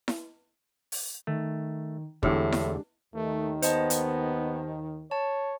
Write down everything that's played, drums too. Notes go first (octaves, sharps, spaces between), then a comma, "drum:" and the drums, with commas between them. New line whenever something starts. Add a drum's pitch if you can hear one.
drum: snare E4
drum: open hi-hat
D#3 A3
E2 A2 D3 G#3 D4 G4, drum: kick
drum: snare E4
D#2 D#3 A3
B3 C5 D#5 A5, drum: hi-hat
drum: hi-hat
C#5 A5